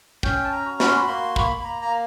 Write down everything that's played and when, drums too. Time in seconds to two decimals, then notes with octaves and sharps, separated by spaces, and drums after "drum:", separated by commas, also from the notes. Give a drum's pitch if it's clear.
0.23 C#4 G5, drum: kick
0.44 A5
0.52 A#5
0.65 F#4
0.80 B5, drum: snare
0.88 C6
0.95 B5
1.08 A#3 C6
1.36 B5, drum: kick
1.50 A#3
1.60 B5
1.64 A#5
1.82 A#5